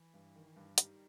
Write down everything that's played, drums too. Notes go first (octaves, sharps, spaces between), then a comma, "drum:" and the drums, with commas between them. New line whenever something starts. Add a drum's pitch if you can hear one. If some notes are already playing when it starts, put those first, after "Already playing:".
Already playing: E3
G2
D#3
G2
D#3 G3, drum: hi-hat